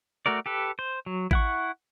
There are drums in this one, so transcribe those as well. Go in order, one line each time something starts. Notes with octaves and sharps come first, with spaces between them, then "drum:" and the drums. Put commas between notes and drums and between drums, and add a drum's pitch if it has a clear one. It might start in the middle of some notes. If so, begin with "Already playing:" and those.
A3 F#4 A#4 D5
G4 A4 B4
C5
F#3
E4 F#5 C#6, drum: kick A1